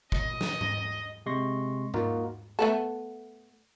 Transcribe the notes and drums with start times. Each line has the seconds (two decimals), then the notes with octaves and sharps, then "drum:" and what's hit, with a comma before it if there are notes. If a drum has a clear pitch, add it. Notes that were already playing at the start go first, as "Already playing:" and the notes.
0.12 D#5, drum: kick
0.41 drum: snare
0.61 drum: tom G#2
1.26 C3 G#3 C6 C#6 A#6
1.94 A#3 D#4 F4 F#4 A#4, drum: tom G#2
2.59 A3 B3 A4